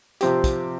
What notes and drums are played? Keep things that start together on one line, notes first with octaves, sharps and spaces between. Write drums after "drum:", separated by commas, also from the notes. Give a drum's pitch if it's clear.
C3 F3 C4 G4, drum: hi-hat
drum: kick, hi-hat